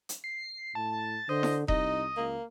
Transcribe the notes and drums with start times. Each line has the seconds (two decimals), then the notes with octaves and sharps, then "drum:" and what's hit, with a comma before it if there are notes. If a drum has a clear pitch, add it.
0.09 drum: hi-hat
0.24 C7
0.75 A2 A5
1.29 D3 C5 D#5
1.43 drum: snare E4
1.68 C2 D#4 D#5, drum: kick E1
2.17 C#2 A#3